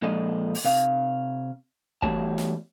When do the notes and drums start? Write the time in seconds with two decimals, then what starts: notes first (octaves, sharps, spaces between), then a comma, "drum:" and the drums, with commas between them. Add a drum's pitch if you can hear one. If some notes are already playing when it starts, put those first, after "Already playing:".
0.02 A#2 F3 G#3 A4 D5 D#5
0.55 drum: open hi-hat
0.64 C3 F5
2.02 E2 G3 A3 F#4 C#5 A5, drum: kick
2.38 drum: snare